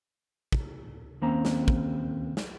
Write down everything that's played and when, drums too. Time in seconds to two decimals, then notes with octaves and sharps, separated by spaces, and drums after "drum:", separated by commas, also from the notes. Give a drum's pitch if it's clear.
0.52 drum: kick
1.22 D#2 A#3 C4 C#4 A#5
1.45 drum: snare
1.68 drum: kick
2.37 drum: snare